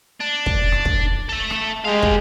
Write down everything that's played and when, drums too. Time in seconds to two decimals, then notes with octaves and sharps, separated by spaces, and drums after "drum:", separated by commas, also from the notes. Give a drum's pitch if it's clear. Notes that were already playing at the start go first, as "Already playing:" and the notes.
0.20 D4
0.46 drum: kick
0.72 drum: rim click
0.85 drum: kick
1.29 A4 E5
1.50 drum: rim click
1.84 G#3 G4 F5
2.03 drum: kick